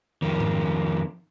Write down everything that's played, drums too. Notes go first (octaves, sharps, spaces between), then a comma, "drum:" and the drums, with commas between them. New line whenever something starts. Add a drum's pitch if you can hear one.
F2 D#3
drum: tom G#2